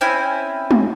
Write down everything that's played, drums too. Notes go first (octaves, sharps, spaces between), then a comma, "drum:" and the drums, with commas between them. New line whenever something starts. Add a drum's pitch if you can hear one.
C4 C#4 E4 G#5
drum: tom